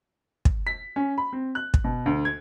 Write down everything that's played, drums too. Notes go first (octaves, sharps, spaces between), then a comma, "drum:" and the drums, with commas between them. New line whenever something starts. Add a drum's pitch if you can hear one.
drum: kick
B6
C#4
B5
C4
F#6
drum: kick
B2
D2
G#6